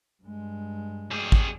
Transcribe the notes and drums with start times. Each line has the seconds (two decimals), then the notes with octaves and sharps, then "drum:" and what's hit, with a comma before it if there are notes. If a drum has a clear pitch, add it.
0.23 G2 G#3
1.11 G3 G#4
1.32 drum: kick